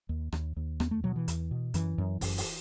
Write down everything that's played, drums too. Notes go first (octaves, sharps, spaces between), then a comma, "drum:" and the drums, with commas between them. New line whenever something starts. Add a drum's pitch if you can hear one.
D#2
D#2, drum: rim click
D#2
E2 B3, drum: rim click
A3
B2 F#3
E3
E2, drum: hi-hat
B2
F#2 E3, drum: hi-hat
F#2
F#2, drum: kick, open hi-hat
drum: open hi-hat